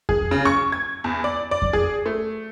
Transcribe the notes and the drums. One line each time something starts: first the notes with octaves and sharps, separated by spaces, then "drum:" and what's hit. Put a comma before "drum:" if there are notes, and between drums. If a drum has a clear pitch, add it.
G#4, drum: kick F2
C#3
C#6
G#6
E2
D5
D5
drum: kick F2
G#4
A3